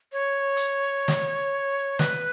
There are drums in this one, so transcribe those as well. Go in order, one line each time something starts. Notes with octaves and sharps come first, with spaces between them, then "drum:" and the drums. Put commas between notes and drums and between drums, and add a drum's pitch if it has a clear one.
C#5
drum: hi-hat
drum: snare
B4, drum: snare